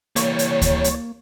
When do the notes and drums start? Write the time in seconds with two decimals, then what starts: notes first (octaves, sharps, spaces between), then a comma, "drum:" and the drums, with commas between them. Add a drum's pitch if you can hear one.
0.16 E3 G3 A#3 C#5, drum: hi-hat
0.39 drum: hi-hat
0.62 drum: kick D2, hi-hat
0.84 drum: hi-hat